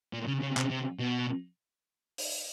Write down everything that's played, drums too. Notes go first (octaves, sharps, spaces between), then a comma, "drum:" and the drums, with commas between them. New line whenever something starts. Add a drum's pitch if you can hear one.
A#2
C#3
C#3
C3, drum: clap
C3
B2
drum: open hi-hat